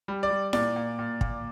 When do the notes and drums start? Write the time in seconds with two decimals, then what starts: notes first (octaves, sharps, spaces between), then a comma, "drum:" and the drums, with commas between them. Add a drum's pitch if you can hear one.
0.08 G3
0.23 D5
0.30 G3
0.53 A#2 D5, drum: snare E4
0.76 A#2
0.99 A#2
1.21 A#2, drum: kick